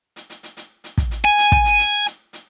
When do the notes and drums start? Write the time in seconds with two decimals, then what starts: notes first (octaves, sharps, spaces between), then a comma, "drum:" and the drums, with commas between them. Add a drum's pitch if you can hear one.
0.16 drum: hi-hat
0.30 drum: hi-hat
0.43 drum: hi-hat
0.57 drum: hi-hat
0.84 drum: hi-hat
0.98 drum: kick, hi-hat
1.11 drum: hi-hat
1.25 G#5
1.38 drum: hi-hat
1.52 drum: kick
1.65 drum: hi-hat
1.79 drum: hi-hat
2.06 drum: hi-hat
2.33 drum: hi-hat